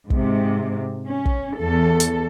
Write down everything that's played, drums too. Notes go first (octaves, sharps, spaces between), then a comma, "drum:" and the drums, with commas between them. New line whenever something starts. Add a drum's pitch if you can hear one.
G#2 C3, drum: kick
C#4
drum: kick
E2 A4
drum: hi-hat